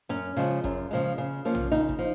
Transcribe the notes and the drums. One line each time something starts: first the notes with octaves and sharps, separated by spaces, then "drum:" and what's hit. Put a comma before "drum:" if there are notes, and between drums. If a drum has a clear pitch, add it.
F#2 C#4
C#3 F3 G#3
F#2, drum: kick
C#3 F3 G#3
C#3
F3 A#3 C#4
drum: tom
C#3 D#4
drum: kick
F3